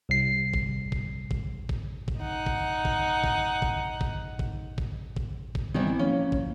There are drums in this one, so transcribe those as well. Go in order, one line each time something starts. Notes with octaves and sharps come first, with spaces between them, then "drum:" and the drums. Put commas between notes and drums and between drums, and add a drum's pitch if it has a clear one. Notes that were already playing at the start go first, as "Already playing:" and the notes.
C2 C7
drum: kick
drum: kick
drum: kick
drum: kick
drum: kick
D#4 F#5
drum: kick
drum: kick
drum: kick
drum: kick
drum: kick
drum: kick
drum: kick
drum: kick
drum: kick
D#3 E3 G3 B3 C4
F3 A#3 C#4
drum: kick